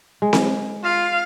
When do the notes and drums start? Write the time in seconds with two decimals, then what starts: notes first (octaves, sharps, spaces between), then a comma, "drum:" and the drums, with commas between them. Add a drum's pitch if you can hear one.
0.22 G#3
0.33 drum: snare C4
0.84 F4 F5